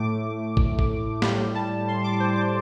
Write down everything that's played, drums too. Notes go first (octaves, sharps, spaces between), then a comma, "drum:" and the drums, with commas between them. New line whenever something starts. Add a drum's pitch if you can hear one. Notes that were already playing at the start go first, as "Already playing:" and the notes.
Already playing: A2 A3 D6
drum: kick
drum: kick
A2 G3 C6, drum: snare
A5
C6
D6
C5
D6